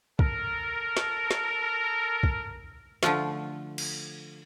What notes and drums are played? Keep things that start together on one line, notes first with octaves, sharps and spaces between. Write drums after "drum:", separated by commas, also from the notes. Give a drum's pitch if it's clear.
A4 A#4, drum: kick
drum: snare
drum: snare
drum: kick
D3 F3 A3 F4, drum: snare
drum: cymbal